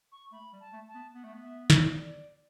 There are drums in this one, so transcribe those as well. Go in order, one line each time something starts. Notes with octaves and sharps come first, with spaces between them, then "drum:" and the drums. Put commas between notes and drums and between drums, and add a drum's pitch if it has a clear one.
C#6
A3 B5
G3
A5
A3
A5
B3
B3 F#5
A3
B3
E5
D5, drum: snare
D5